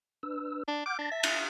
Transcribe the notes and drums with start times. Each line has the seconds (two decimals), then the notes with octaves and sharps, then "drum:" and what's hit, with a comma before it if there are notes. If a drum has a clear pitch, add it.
0.23 D4 B4 E6
0.68 D4
0.86 F#5 D6 F6 G6
0.99 D4 A5 A6 A#6
1.11 E5
1.23 drum: cymbal